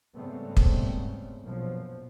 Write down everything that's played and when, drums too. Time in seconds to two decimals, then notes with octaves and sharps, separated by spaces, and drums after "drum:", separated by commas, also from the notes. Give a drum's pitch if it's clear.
0.14 G#2 C#3 G3 A3 B3 C4
0.57 drum: kick
1.42 A#1 F#2 B2 F3